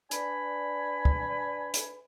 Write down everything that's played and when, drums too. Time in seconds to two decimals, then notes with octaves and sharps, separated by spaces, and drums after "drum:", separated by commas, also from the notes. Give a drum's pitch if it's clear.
0.11 D4 B4 D5 G#5 B5, drum: hi-hat
1.05 drum: kick
1.74 drum: hi-hat